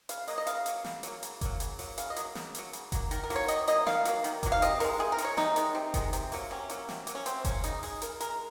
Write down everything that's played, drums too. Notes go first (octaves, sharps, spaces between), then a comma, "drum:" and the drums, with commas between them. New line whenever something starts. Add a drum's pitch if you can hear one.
C#3 F5, drum: hi-hat
F#3 A#3 D#5, drum: open hi-hat
D#5
C#3 F5, drum: hi-hat
F#3 A#3, drum: hi-hat
C#3, drum: snare
F#3 A#3, drum: hi-hat
C#3, drum: hi-hat
F#3 A#3, drum: kick F#1, hi-hat
C#3, drum: hi-hat
F#3 A#3, drum: open hi-hat
C#3 F5, drum: hi-hat
D#5
F#3 A#3, drum: hi-hat
C#3, drum: snare
F#3 A#3, drum: hi-hat
C#3, drum: hi-hat
F#3 A#3, drum: kick F#1, hi-hat
D#3 A#4, drum: hi-hat
A#4
F#3 A#3, drum: open hi-hat
C#5
D#3 D#5, drum: hi-hat
F#3 A#3 D#5, drum: hi-hat
D#3 F5, drum: snare
F#3 A#3, drum: hi-hat
D#3, drum: hi-hat
F#3 A#3, drum: kick F#1, hi-hat
F5
C3 D#5, drum: hi-hat
D#3 G#3 A#4, drum: open hi-hat
C3 G#4
A#4
D#3, drum: hi-hat
G#3 C#5
C3 D#4, drum: snare
D#3 G#3, drum: hi-hat
C3
D#3 G#3, drum: kick F#1, hi-hat
C3, drum: hi-hat
F#3 A#3, drum: open hi-hat
C3 C#4
F#3 A#3, drum: hi-hat
C3, drum: snare
F#3 A#3, drum: hi-hat
C#4
C3 C4, drum: hi-hat
F#3 A#3 C#4, drum: kick F#1, hi-hat
C#3 D#4, drum: hi-hat
G#3 G#4, drum: open hi-hat
C#3 A#4, drum: hi-hat
G#3 A#4, drum: hi-hat